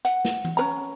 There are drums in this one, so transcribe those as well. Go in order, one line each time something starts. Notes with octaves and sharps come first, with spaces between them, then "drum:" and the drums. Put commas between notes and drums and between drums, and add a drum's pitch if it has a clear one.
F#5, drum: hi-hat
drum: snare
drum: tom E3
C#4 A#4 A#5